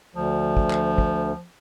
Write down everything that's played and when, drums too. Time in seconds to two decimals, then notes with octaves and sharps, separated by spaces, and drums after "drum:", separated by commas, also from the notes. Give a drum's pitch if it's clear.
0.15 D2 F3
0.57 drum: kick
0.71 drum: clap
0.98 drum: kick